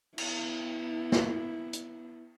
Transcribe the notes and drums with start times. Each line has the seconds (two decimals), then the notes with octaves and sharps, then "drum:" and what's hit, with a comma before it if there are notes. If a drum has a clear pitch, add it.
0.18 B3 E4, drum: cymbal
1.12 drum: snare
1.73 drum: hi-hat